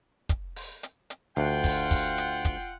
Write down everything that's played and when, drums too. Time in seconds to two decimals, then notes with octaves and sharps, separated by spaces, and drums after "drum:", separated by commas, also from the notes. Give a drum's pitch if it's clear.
0.29 drum: kick, hi-hat
0.56 drum: open hi-hat
0.83 drum: hi-hat
1.10 drum: hi-hat
1.37 D2 F4 F#5 G5
1.64 drum: kick, open hi-hat
1.91 drum: kick, open hi-hat
2.18 drum: hi-hat
2.45 drum: kick, hi-hat